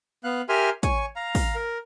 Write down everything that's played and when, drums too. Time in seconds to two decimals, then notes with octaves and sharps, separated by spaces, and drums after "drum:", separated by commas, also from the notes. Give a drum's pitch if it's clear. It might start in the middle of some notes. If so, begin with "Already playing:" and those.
0.24 B3 F5 F#6
0.49 G4 A#4 E5 G#5 C6 F6
0.83 C#5 G#5 C#6, drum: kick, hi-hat
1.16 F5 A#5
1.35 drum: kick, open hi-hat
1.55 A#4